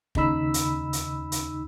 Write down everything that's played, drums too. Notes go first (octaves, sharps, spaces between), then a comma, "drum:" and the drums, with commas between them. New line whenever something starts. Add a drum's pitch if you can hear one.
D#2 C#3 D#4 B5 E6, drum: kick
drum: hi-hat
drum: hi-hat
drum: hi-hat